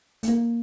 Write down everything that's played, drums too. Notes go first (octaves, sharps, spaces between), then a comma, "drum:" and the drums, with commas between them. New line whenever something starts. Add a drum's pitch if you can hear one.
A3, drum: hi-hat
A#3